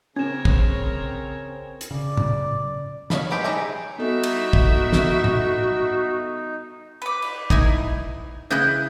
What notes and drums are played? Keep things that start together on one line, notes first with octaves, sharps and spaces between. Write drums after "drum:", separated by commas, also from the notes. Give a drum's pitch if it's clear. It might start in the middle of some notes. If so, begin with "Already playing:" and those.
C#3 C4 C#4 A#4 C#5 G#6 E7
drum: kick
drum: hi-hat
C#3 D5
drum: tom
C#5 E5 F5 B5, drum: snare
G3 G#3 C4 G4 B5
C#4 D#4 G4 G#4 E5
G3 B3 D#4 E4 F#4 A4 E5
drum: cymbal
drum: kick
drum: snare
drum: tom
B4 D6
drum: cymbal
D#4 E4 G#5, drum: kick
C#3 E4 D#5 F#6 G6